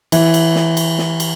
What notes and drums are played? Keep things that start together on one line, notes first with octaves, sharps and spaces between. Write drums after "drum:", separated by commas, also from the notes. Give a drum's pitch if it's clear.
E3, drum: cymbal
drum: cymbal
drum: snare
drum: cymbal
drum: snare
drum: cymbal